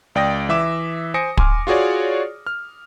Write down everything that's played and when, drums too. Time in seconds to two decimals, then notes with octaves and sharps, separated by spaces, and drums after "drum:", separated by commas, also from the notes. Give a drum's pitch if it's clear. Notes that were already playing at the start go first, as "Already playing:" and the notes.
0.15 C#2 D5 G5 D#6 A#6
0.49 E3 E5 D6 E7
1.14 C5 G#5 D#6 A#6 C#7 D7
1.37 G#5 C6 D6 F6, drum: kick
1.67 F4 F#4 G#4 C#5 D5
2.47 F6